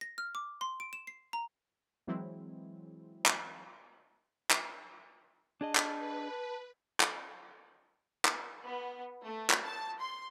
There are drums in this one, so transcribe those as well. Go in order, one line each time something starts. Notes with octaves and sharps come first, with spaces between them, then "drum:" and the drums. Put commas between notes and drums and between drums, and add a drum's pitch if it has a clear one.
A#6
F6
D6
C6
D7
E7
C7
A#5
E3 F#3 G#3 C4 E4
drum: clap
drum: clap
D4 G#4 D#5 A5
drum: clap
B4
drum: clap
drum: clap
B3
A3
drum: clap
A5
C6